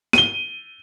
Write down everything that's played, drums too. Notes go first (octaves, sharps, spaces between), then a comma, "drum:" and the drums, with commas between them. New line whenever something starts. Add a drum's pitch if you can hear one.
D#7 G7, drum: snare